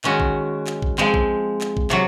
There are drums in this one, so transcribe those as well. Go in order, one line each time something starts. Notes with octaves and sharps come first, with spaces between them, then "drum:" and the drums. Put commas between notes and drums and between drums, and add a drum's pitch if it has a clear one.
D#3 G#3 C#4 F#4, drum: clap
drum: kick
drum: clap
drum: kick
F3 G#3 C4, drum: clap
drum: kick
drum: clap
drum: kick
C3 F#3, drum: clap